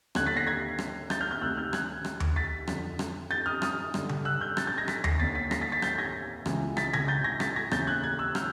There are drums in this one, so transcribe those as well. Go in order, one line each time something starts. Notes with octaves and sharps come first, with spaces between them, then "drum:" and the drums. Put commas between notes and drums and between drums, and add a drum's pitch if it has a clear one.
D#2 D3 F#6 G#6, drum: rim click
A6 B6
A#6 C7
G#6 A#6
drum: rim click
G6 A6, drum: rim click
F6 G6
F6 G6
D2 C3 D#3 E6 F#6
F6 G6
F#6 G#6, drum: rim click
drum: rim click
drum: tom D#2
A6 B6
F2 D3, drum: rim click
drum: rim click
G6 A6
D#6 F6
D#6 F6, drum: rim click
G2 D3, drum: rim click
drum: tom C#3
E6 F#6
F6 G6
G6 A6, drum: rim click
G6 A6
G#6 A#6
A6 B6, drum: rim click
A#6 C7, drum: tom D#2
D#2 D3 A6 B6
A6 B6
A#6 C7, drum: rim click
A6 B6
A6 B6
G6 A6, drum: rim click
G#6 A#6
C#2 C#3 E3, drum: rim click
A6 B6, drum: rim click
G#6 A#6, drum: tom C#3
G6 A6
G#6 A#6
A6 B6, drum: rim click
G#6 A#6
D#2 C#3 E3 G6 A6, drum: rim click
F#6 G#6
F#6 G#6
E6 F#6
F6 G6, drum: rim click